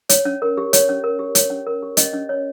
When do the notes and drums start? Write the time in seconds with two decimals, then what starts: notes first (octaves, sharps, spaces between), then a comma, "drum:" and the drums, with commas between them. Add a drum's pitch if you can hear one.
0.09 C#5, drum: hi-hat
0.25 C#4
0.42 A#4
0.57 G4
0.73 C#5, drum: hi-hat
0.89 C#4
1.04 A#4
1.19 G4
1.35 C#5, drum: hi-hat
1.50 C#4
1.66 A#4
1.82 G4
1.97 C#4 D#5, drum: hi-hat
2.13 C#4
2.29 C#5